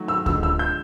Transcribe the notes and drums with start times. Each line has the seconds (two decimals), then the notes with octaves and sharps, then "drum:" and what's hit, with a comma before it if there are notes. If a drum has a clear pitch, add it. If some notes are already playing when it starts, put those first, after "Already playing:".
Already playing: D#3 F#3 A3
0.08 E6
0.26 D3 F3 G#3 E6, drum: kick D2
0.43 E6
0.59 G6